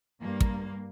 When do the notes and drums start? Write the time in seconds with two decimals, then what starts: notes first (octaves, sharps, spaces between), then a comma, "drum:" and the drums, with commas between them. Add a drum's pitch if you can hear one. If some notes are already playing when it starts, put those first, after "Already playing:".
0.20 G2 A#3
0.40 drum: kick